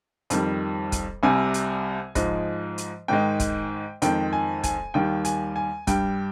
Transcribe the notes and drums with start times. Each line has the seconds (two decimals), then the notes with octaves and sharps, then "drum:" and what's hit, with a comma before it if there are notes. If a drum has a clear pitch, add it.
0.30 F2 D#3 G3, drum: hi-hat
0.92 drum: kick, hi-hat
1.23 C2 C3 G3 G#5
1.54 drum: hi-hat
2.15 G#2 F3 G#3, drum: kick, hi-hat
2.78 drum: hi-hat
3.08 G#2 D#3 G#3 G5
3.40 drum: kick, hi-hat
4.02 F2 D#3 G#3 G5, drum: hi-hat
4.33 G#5
4.63 G#5, drum: kick, hi-hat
4.94 D#2 D#3 G3 G5
5.25 G#5, drum: hi-hat
5.56 G#5
5.87 G2 G3 G5, drum: kick, hi-hat